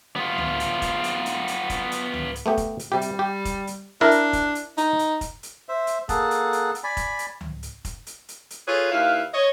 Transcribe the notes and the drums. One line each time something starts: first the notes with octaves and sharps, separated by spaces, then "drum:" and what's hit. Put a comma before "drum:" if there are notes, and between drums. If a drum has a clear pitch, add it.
B3 F4
drum: tom C#2
drum: hi-hat
drum: kick F1, hi-hat
drum: hi-hat
drum: hi-hat
drum: hi-hat
drum: kick F1, hi-hat
drum: hi-hat
drum: tom C#2
drum: hi-hat
A3 B3 G4
drum: kick F1, hi-hat
drum: hi-hat
C3 G3 G4
drum: hi-hat
G4
drum: kick F1, hi-hat
drum: hi-hat
D4 E4 A#4
drum: hi-hat
drum: kick F1, hi-hat
drum: hi-hat
D#4, drum: hi-hat
drum: hi-hat
drum: kick F1, hi-hat
drum: hi-hat
C5 E5
drum: hi-hat
A#3 G#4 A4 F#5 A5, drum: kick F1, hi-hat
drum: hi-hat
drum: hi-hat
drum: hi-hat
D5 G#5 B5
drum: kick F1, hi-hat
drum: hi-hat
drum: tom C#2
drum: hi-hat
drum: kick F1, hi-hat
drum: hi-hat
drum: hi-hat
drum: hi-hat
F4 G#4 A4 B4 C#5
D#2 E4 B4 F5
C#5 D#5